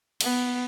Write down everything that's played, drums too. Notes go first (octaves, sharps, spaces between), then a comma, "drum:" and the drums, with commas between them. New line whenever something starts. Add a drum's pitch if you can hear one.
B3, drum: cymbal